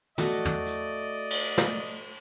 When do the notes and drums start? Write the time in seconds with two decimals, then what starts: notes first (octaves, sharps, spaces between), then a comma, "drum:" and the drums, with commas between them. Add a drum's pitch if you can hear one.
0.18 A3 F#4 D5 D#5, drum: tom
0.45 drum: tom
0.66 drum: hi-hat
1.30 drum: cymbal
1.58 drum: snare